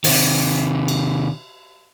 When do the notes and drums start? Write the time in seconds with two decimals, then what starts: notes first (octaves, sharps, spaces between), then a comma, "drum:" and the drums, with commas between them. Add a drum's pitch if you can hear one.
0.04 C3 D#3, drum: open hi-hat
0.88 drum: cymbal